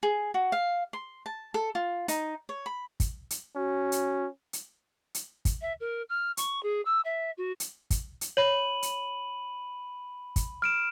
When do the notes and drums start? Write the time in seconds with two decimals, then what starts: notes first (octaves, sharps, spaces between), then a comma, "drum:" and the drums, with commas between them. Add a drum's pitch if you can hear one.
0.03 G#4
0.34 F#4
0.52 F5
0.93 C6
1.26 A5
1.54 A4
1.75 F4
2.08 D#4, drum: hi-hat
2.49 C#5
2.66 B5
3.00 drum: kick, hi-hat
3.30 drum: hi-hat
3.56 C#4 F#4
3.92 drum: hi-hat
4.53 drum: hi-hat
5.14 drum: hi-hat
5.45 drum: kick, hi-hat
5.61 E5
5.80 A#4
6.09 F6
6.37 C#6, drum: hi-hat
6.63 G#4
6.85 E6
7.05 E5
7.38 F#4
7.60 drum: hi-hat
7.91 drum: kick, hi-hat
8.21 drum: hi-hat
8.37 C#5 B5 D#7 F#7
8.83 drum: hi-hat
10.36 drum: kick, hi-hat
10.62 F6 D7 E7